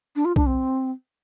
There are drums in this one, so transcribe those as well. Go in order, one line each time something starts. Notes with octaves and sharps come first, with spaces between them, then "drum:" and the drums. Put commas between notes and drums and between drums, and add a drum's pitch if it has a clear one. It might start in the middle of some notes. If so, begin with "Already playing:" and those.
D4
F4
D4, drum: kick B1
C4